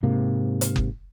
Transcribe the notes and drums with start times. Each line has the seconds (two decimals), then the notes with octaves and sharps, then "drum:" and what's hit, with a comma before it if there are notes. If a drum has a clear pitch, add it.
0.03 G#2 C3 A#3
0.61 drum: hi-hat
0.76 drum: kick F#1